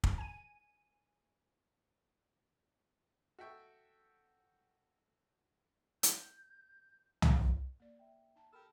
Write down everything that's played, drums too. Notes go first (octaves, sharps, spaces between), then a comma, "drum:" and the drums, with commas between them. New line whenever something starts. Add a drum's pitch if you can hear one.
drum: kick
G#5 D#7
F#4 A4 E5 G5 C#6
G6, drum: hi-hat
drum: tom
A#3 D5
E5 G5
D#4 A5
G4 A4 A#4 B5 F6